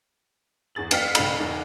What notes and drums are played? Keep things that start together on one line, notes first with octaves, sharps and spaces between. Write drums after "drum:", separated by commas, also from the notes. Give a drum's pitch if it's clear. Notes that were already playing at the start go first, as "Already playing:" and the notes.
E2 G#4 A6 F#7
F#2 A#3 G5 F6 B6 C7, drum: cymbal
B1 C#3 A3 B5, drum: cymbal
E2 G#2